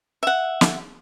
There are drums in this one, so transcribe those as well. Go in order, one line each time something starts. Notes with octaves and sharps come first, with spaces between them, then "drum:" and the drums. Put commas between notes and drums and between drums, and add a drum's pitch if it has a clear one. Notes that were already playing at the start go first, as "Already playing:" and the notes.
E5 F#5
drum: snare